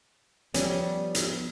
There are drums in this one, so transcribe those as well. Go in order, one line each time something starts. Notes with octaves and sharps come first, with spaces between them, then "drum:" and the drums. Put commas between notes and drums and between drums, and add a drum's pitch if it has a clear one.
F3 G3 B3 C#4, drum: hi-hat
drum: hi-hat